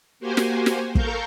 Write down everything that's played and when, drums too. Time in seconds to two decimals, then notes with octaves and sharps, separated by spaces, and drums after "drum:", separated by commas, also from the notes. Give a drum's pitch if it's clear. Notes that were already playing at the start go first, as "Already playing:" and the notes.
0.20 A#3 F#4 G4 C5 G#5
0.37 drum: snare
0.66 drum: snare
0.95 A4 A#4 F5 A#5 C#6 G6, drum: kick